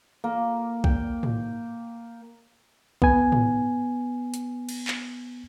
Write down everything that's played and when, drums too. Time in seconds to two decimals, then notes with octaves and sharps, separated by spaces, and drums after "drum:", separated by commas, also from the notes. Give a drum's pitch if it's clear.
0.24 A#3
0.84 G5, drum: kick B1
1.23 drum: tom
3.02 B3 G#5, drum: kick B1
3.32 drum: tom
4.34 drum: hi-hat
4.69 drum: cymbal
4.88 drum: clap